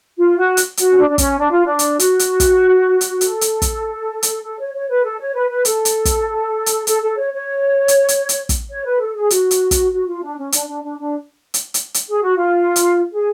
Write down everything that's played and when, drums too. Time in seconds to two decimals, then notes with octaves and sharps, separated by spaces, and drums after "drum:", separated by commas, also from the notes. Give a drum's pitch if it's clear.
0.17 F4
0.37 F#4
0.57 drum: hi-hat
0.77 F#4, drum: hi-hat
0.90 C#4
0.97 D4
1.09 D4
1.18 C#4, drum: kick, hi-hat
1.38 D4
1.51 F4
1.64 D4
1.79 drum: hi-hat
1.99 F#4, drum: hi-hat
2.19 drum: hi-hat
2.40 drum: kick, hi-hat
3.01 drum: hi-hat
3.21 A4, drum: hi-hat
3.41 drum: hi-hat
3.62 drum: kick, hi-hat
4.23 drum: hi-hat
4.43 A4
4.58 C#5
4.74 C#5
4.88 B4
5.03 A4
5.18 C#5
5.34 B4
5.49 B4
5.65 A4, drum: hi-hat
5.85 drum: hi-hat
6.05 drum: kick, hi-hat
6.66 drum: hi-hat
6.87 A4, drum: hi-hat
7.01 A4
7.17 C#5
7.32 C#5
7.88 drum: hi-hat
8.09 drum: hi-hat
8.29 drum: hi-hat
8.49 drum: kick, hi-hat
8.70 C#5
8.85 B4
9.00 A4
9.15 G#4
9.30 F#4, drum: hi-hat
9.51 drum: hi-hat
9.71 drum: kick, hi-hat
9.91 F#4
10.07 F4
10.22 D4
10.37 C#4
10.52 D4, drum: hi-hat
10.67 D4
10.83 D4
10.99 D4
11.54 drum: hi-hat
11.74 drum: hi-hat
11.94 drum: hi-hat
12.08 G#4
12.21 F#4
12.36 F4
12.76 drum: hi-hat
13.11 G#4